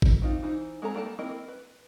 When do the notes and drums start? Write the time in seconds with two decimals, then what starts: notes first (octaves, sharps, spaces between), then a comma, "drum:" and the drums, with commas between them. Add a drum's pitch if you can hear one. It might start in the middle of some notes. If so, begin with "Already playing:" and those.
0.02 drum: kick G#1
0.22 C4 D#4 F4
0.43 E3 D#4 C5
0.82 G#3 C4 A4 A#5
0.95 G3 A#3 C#5 A5
1.19 A#3 C4 E4 A#4 D#5
1.48 B4